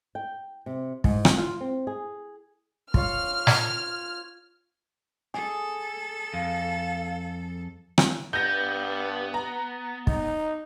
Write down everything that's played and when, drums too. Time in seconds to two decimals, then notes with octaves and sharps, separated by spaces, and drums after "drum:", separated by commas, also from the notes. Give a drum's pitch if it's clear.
0.15 G5
0.66 C3
1.04 G#2, drum: kick
1.25 drum: rim click
1.38 F4
1.61 C4
1.87 G#4
2.94 F4 C#5 F5 F6, drum: kick
3.47 G#6, drum: snare
5.34 G#4 A4
6.34 F2 F5
7.98 drum: rim click
8.33 G2 B3 G6 A#6
9.34 A#5
10.07 D#4, drum: kick